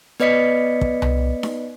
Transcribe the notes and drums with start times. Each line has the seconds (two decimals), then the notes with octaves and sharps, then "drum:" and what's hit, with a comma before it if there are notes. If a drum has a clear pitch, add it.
0.20 B3 B4 D5 D#5 B6 C#7
0.81 drum: kick
1.02 drum: tom C2
1.43 drum: snare D#4